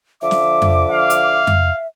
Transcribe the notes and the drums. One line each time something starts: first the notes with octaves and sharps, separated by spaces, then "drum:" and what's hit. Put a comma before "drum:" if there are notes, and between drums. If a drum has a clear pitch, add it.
D3 F3 E5 D6
drum: snare
drum: tom F2
F5
drum: hi-hat
drum: tom F2